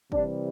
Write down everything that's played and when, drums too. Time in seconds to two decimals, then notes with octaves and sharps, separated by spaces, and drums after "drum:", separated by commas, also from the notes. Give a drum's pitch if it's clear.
0.12 C3 E3 G3 D4, drum: kick